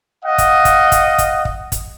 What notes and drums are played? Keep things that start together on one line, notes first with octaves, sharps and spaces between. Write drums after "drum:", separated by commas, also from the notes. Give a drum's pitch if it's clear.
D#5 F5 F#5
drum: kick, hi-hat
drum: kick, hi-hat
drum: kick, hi-hat
drum: kick, hi-hat
drum: kick
drum: kick, hi-hat